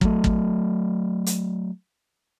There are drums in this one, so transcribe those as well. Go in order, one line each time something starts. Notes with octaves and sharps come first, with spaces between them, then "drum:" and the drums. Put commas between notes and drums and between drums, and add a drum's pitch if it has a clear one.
F#3 A3, drum: kick
drum: kick
drum: hi-hat